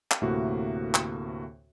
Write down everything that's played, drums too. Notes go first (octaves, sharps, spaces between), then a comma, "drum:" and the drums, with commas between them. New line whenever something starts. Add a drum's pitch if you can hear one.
drum: clap
D2 A2 C3 A#3 F#4 E5
drum: clap